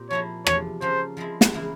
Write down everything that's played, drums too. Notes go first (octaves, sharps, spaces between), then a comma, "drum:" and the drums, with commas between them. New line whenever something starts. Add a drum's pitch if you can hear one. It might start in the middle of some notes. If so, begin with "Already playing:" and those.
Already playing: A#2 C4 G4
F3 A#3 E4 C#5
E2 C3 F3 C#5, drum: rim click
C#3 F3 A#3 C5
F3 G#3 C4 E4
drum: snare
C#3 E3 A#3 E4